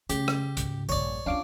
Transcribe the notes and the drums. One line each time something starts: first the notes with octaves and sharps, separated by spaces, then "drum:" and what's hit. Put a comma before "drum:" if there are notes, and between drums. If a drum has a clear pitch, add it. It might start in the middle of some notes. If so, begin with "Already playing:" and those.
C#3 A3 G4, drum: hi-hat
drum: rim click
D2 G#2, drum: hi-hat
A#1 G2 C#5 D5
C#4 D4 F4 F5 D6